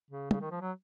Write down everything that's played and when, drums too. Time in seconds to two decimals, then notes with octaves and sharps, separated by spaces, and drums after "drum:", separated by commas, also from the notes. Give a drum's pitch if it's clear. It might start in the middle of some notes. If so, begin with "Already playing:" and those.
0.10 C#3
0.31 C#3, drum: tom
0.41 D#3
0.51 F3
0.61 F#3